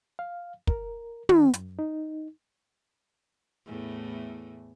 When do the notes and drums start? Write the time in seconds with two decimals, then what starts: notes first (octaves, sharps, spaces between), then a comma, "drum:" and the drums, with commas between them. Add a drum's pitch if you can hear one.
0.19 F5
0.67 A#4, drum: kick
1.29 D#3, drum: tom
1.54 F#2, drum: hi-hat
1.79 D#4
3.66 E2 A2 A3